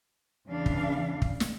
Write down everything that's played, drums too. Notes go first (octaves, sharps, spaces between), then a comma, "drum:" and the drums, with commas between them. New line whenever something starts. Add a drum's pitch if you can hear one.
E2 C#3 E3 D4 F5
drum: kick
drum: kick
drum: snare